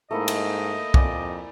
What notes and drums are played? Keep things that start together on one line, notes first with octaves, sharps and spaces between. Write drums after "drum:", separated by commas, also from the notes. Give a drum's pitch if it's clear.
G#2 A3 A#3 E4 D#5
drum: cymbal
F2 D5 G#5, drum: kick